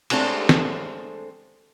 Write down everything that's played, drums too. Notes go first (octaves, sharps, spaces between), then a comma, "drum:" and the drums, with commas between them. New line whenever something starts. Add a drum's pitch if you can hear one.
G#3 A3 C4 D4 A4, drum: cymbal
drum: snare